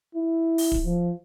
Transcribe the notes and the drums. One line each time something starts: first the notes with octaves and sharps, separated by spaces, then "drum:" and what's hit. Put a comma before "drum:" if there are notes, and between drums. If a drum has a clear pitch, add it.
E4
drum: open hi-hat
drum: kick
F3